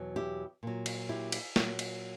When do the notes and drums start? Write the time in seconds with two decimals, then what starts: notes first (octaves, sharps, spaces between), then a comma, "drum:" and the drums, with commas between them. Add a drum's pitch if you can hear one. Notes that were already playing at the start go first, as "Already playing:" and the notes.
Already playing: E2 B2 F#3
0.16 E4 G4
0.63 A#2 F#3
0.86 drum: cymbal
1.09 E4 G4
1.32 drum: cymbal
1.56 A#2 F#3, drum: snare
1.79 drum: cymbal